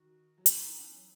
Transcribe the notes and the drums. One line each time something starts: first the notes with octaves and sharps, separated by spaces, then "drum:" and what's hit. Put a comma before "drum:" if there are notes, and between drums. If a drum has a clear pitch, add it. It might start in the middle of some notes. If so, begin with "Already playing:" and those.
Already playing: D#3 F#4
F#3
E3 E4, drum: hi-hat
D#4
B3
C#4
F#3